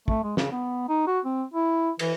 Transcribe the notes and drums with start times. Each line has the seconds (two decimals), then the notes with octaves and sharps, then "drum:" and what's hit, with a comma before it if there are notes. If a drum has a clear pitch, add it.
0.08 A3, drum: kick
0.23 G#3
0.37 C#3, drum: snare
0.51 B3
0.89 D#4
1.07 F#4
1.25 C4
1.54 E4
1.99 E3, drum: cymbal